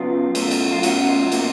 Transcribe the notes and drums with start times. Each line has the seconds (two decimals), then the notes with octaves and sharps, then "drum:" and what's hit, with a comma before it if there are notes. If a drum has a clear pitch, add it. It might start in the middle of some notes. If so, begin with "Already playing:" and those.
Already playing: C#3 F#3 B3 F4
0.35 B2 F#3 A3 C#4 F4, drum: cymbal
0.51 drum: cymbal
0.72 F4
0.83 B2 F#3 A3 C#4 F4 F#4, drum: cymbal
1.08 F4
1.32 B2 F#3 A#3 C#4, drum: cymbal